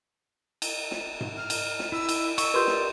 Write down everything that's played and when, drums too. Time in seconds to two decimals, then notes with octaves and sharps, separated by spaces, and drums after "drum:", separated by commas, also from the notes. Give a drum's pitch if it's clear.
0.62 drum: cymbal
0.91 drum: snare
1.21 drum: tom G#2
1.37 F6
1.50 drum: cymbal
1.79 drum: snare
1.92 E4 E6
2.09 drum: cymbal
2.38 C#6 E6, drum: cymbal
2.54 F4 G4 A#4 B4 D5 C6 D#6 G6
2.67 drum: snare